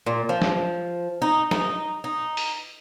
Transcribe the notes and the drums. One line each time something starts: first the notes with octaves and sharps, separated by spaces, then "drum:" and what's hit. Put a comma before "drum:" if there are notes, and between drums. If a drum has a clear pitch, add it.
A#2
F3
drum: snare
D#4
D#4, drum: snare
D#4
drum: open hi-hat